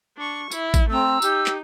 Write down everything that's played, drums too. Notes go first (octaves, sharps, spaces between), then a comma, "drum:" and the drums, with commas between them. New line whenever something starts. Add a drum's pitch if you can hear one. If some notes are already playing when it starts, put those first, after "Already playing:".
D4 C#6
E4, drum: tambourine
drum: kick A1, tambourine
A3 C4 A#5 E6
D#4 G4, drum: tambourine
drum: clap